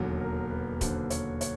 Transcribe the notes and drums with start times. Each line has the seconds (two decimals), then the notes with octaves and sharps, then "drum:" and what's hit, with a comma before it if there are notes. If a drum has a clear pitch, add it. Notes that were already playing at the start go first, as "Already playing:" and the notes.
Already playing: E1 D#2 D3 F#3
0.20 A#4
0.50 B4
0.81 E1 D#2 D3 F#3 C5, drum: kick D#1, hi-hat
1.10 C#5, drum: hi-hat
1.41 C#5, drum: hi-hat